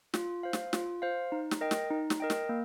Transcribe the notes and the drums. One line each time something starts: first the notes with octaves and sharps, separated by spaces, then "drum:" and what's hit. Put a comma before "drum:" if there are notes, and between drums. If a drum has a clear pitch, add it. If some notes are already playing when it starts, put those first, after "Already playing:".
F4, drum: snare
C5 F5
drum: snare
F4, drum: snare
C5 F5
D#4
drum: snare
A#4 D#5 G5
drum: snare
D#4
drum: snare
A#4 D#5 G5
drum: snare
A#3